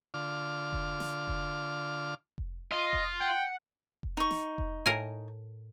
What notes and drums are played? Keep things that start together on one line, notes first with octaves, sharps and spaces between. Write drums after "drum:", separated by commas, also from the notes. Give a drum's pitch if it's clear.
D3 F4 D6 F6
drum: kick F1
drum: snare
drum: kick F1
drum: kick F1
F4 D#5
drum: kick F1
F#5 G5
drum: kick F1
D#4 C#6
drum: snare
drum: kick F1
A2 A#4 G#5